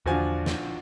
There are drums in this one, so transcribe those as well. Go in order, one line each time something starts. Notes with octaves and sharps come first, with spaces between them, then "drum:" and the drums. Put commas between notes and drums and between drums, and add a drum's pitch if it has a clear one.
A#1 E2 D3 F3 D4 F4 F#4 G#5
drum: snare